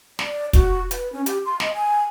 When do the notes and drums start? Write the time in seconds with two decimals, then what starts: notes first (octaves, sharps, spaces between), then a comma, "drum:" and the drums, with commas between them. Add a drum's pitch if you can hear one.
0.19 D5, drum: snare
0.53 F#4, drum: kick, hi-hat
0.91 B4, drum: hi-hat
1.12 C#4
1.26 G4, drum: hi-hat
1.45 C6
1.60 D#5, drum: snare
1.74 G#5